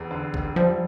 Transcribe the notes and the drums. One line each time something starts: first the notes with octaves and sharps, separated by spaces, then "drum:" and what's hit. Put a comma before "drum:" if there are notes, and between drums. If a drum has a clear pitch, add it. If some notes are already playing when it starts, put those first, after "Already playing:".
Already playing: F1 E2
D3
F1, drum: kick
F3 G3